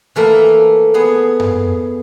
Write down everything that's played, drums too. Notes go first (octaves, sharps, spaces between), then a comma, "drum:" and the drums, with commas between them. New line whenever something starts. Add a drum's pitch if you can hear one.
E3 A3 A#3
B3 G#4
drum: tom F#2